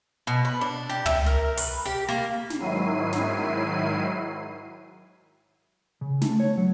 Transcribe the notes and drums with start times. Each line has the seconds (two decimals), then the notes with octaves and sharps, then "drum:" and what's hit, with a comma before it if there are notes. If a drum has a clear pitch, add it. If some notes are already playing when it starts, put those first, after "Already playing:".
0.27 B2
0.45 B4
0.61 D4
0.89 G4
1.06 E5, drum: tom
1.26 A#4
1.57 B4, drum: open hi-hat
1.85 G4
2.09 A#3
2.50 drum: snare
2.60 G#2 D#3 F#3 E4 C7 D#7
3.13 drum: snare
6.01 C#3
6.22 A3, drum: snare
6.40 C#5
6.58 F#3